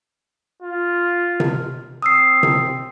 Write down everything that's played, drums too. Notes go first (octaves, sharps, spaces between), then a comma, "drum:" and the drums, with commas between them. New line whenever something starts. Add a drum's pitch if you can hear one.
F4
drum: tom C3
C4 D#6 E6 C7
drum: tom C3